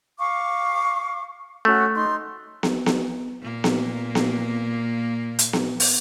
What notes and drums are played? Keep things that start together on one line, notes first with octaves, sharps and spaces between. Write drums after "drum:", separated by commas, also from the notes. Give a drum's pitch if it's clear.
F5 C#6 D6
A3 C#4 F#4
D#4 C6
drum: snare B3
drum: snare B3
A#2 A#3
drum: snare B3
drum: snare B3
drum: hi-hat
drum: snare B3
drum: open hi-hat